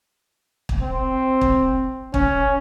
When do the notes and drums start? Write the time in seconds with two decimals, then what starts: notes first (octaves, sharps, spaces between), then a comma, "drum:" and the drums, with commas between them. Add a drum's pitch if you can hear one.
0.69 drum: kick
0.82 C4
1.41 drum: kick
2.14 C#4, drum: kick